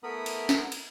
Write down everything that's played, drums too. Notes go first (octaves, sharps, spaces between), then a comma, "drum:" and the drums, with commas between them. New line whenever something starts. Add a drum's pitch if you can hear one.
A3 B3 E4 A#4 B5 D#6
drum: cymbal
drum: snare
drum: cymbal